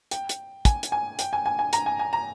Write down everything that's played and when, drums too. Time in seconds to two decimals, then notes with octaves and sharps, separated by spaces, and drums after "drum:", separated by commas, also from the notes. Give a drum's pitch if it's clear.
0.11 G5, drum: hi-hat
0.29 drum: hi-hat
0.65 G#5, drum: kick, hi-hat
0.83 drum: hi-hat
0.92 G#5
1.19 G5, drum: hi-hat
1.33 G#5
1.46 G#5
1.59 G#5
1.73 A#5, drum: hi-hat
1.86 G#5
1.99 G#5
2.13 A#5